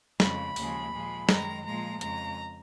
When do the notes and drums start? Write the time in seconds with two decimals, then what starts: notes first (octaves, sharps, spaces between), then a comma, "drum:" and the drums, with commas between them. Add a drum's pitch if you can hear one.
0.20 F2 C#3 G#3 B5, drum: snare
0.56 D#2 C#3 F3 G#3, drum: open hi-hat
0.93 A#2 F3 G#3
1.29 F#2 D#3 G#3 A#5, drum: snare
1.65 A#2 F3 G#3 A#5
2.01 F2 C#3 G#3 A#5, drum: hi-hat